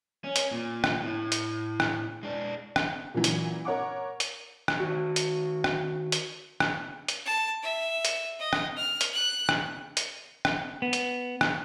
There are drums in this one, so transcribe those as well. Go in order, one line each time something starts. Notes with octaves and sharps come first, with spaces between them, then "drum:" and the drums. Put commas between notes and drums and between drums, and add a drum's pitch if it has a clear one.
C#4
drum: hi-hat
A#2
drum: rim click
A2
drum: hi-hat
drum: rim click
G#3 D4
drum: rim click
A#2 C#3 E3 F#3
drum: hi-hat
A#4 C#5 F#5 D6
drum: hi-hat
drum: rim click
D#3 F#4
drum: hi-hat
drum: rim click
drum: hi-hat
drum: rim click
drum: hi-hat
A5
E5
drum: hi-hat
D#5
drum: rim click
F6
drum: hi-hat
F#6
drum: rim click
drum: hi-hat
drum: rim click
B3
drum: hi-hat
drum: rim click